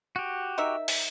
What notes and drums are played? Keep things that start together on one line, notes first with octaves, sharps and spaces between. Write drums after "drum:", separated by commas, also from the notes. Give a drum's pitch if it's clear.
F#4 G4
D#4 A#4 E5
drum: open hi-hat